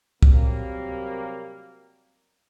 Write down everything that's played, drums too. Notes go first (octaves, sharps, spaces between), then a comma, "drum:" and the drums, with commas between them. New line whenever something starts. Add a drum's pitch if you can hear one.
C3 F#3 G3 A#3, drum: kick C2